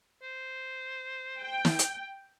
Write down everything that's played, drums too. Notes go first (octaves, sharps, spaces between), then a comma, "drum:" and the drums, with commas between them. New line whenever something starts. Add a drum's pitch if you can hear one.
C5
G5
drum: snare
drum: hi-hat